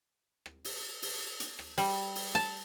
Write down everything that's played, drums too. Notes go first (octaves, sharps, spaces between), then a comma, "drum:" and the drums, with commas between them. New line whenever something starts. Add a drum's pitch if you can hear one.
drum: rim click
drum: open hi-hat
drum: open hi-hat
drum: hi-hat
drum: rim click
G3, drum: open hi-hat
drum: open hi-hat
A5